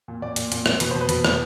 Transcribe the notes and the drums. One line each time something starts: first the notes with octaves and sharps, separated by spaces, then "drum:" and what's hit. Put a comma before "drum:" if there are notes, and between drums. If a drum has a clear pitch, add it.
A#2
A#2 D5
A#2, drum: hi-hat
A#2, drum: hi-hat
A#2, drum: rim click
B2 B4, drum: hi-hat
B2 C5
B4
B2, drum: hi-hat
B2, drum: rim click